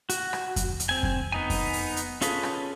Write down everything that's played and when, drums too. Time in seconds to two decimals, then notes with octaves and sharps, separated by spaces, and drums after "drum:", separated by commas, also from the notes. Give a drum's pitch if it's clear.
0.10 F#4, drum: hi-hat
0.33 drum: rim click
0.56 drum: kick F2, hi-hat
0.80 drum: hi-hat
0.89 C4 G#5
1.03 drum: kick F2
1.32 B3 D#4 G#5
1.50 drum: kick F2, open hi-hat
1.73 drum: open hi-hat
1.97 drum: hi-hat
2.21 C#4 F4 G#4 A4 B4, drum: hi-hat
2.43 drum: rim click